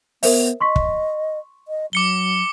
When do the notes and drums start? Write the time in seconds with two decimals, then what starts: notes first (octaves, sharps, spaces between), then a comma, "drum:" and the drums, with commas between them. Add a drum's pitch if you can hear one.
0.23 B3 A#4 C5 E5, drum: open hi-hat
0.61 D#5 C6 C#6 B6
0.76 drum: kick
1.68 D#5
1.93 F#3 D6 C#7 G7